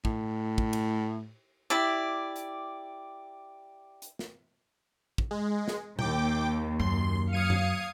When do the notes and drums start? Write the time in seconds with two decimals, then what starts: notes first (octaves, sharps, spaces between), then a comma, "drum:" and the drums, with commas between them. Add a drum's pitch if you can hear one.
0.05 A2, drum: kick
0.58 drum: kick
0.73 drum: cymbal
1.70 E4 G4 D5
2.36 drum: hi-hat
4.02 drum: hi-hat
4.19 drum: snare
5.18 drum: kick
5.31 G#3
5.68 drum: snare
5.99 D#2 G5 D6, drum: tom A#2
6.79 F#2 C6
7.33 F#3 F5 D#6 G#6 C#7 D#7
7.50 drum: tom F#2